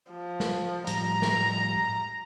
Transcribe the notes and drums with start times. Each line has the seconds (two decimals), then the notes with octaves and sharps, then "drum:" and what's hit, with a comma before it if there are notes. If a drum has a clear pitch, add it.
0.11 F3
0.40 drum: snare
0.87 A2 F3 G3 A#5, drum: hi-hat
1.22 drum: snare